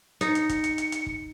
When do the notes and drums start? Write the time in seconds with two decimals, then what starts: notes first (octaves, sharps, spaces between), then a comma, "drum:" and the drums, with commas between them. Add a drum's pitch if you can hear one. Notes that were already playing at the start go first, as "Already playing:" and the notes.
0.21 D#4 C#7, drum: hi-hat
0.35 drum: hi-hat
0.49 drum: kick, hi-hat
0.64 drum: hi-hat
0.78 drum: hi-hat
0.92 drum: hi-hat
1.06 drum: kick